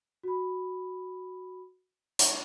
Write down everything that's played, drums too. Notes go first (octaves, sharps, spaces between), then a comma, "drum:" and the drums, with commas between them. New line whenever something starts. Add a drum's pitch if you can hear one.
F#4 B5
drum: hi-hat